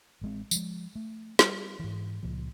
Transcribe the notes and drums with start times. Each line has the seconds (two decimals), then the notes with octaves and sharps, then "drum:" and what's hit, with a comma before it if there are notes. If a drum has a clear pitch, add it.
0.21 A1 G#3 C4
0.51 F3 G#3, drum: tambourine
0.95 A3
1.39 G3, drum: snare
1.79 G#2 E3
2.23 C#2 A#2 F3